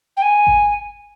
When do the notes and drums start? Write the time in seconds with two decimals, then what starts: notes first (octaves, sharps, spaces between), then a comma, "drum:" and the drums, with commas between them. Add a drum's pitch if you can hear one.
0.16 G5
0.22 G#5
0.47 drum: kick G#1